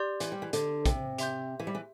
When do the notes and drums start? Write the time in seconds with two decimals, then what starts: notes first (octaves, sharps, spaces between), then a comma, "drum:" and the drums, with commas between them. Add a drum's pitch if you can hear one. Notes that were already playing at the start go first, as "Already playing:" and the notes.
Already playing: G4 D5 C6 G6
0.20 E3, drum: hi-hat
0.32 G3
0.42 E3
0.53 D3, drum: hi-hat
0.86 C3, drum: kick, hi-hat
1.18 G4 E5 C6 G6, drum: hi-hat
1.60 E3
1.67 G3
1.75 E3